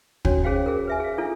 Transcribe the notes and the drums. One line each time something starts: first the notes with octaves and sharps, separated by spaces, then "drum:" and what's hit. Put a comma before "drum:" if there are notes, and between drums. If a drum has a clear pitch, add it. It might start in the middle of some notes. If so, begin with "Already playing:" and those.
C#4 D4 F#4 A4 C#5, drum: kick
C#4 G#4 C5 F5 G5
G#4 A#4
B4 E5 G#5
G#4 F5
D4 F4 A4 G#5